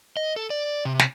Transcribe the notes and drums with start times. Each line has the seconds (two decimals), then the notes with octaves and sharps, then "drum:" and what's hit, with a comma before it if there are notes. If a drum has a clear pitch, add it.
0.17 D#5
0.36 A4
0.50 D5
0.85 C3
0.99 drum: snare